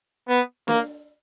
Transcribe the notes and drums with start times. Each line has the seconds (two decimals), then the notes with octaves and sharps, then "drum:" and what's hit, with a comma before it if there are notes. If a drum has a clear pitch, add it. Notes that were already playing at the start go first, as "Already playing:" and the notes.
0.29 B3
0.68 A#3, drum: snare